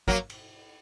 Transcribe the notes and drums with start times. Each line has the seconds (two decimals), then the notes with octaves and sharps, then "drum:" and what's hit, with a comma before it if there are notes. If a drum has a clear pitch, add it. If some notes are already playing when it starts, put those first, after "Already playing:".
0.08 F#3 A#3, drum: kick
0.30 drum: cymbal